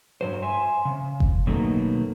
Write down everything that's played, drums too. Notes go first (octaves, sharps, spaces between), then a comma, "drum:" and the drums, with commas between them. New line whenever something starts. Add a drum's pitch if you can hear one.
G2 F#3 C5
C5 E5 G#5
C#3
drum: kick F#1
F#2 B2 D#3 F#3 A3 A#3